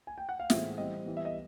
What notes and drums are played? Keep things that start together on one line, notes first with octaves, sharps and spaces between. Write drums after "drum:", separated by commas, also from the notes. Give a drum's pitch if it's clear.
G#5
G5
F#5
F5
A2 E3 G#3 C4 E5, drum: snare
E3 G3 C4 D#5
E3 G3 B3
E5
D#5